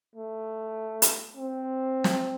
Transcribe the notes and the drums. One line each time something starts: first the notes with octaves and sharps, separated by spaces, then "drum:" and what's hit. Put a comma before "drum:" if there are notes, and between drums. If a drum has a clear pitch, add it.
A3
drum: hi-hat
C4
drum: snare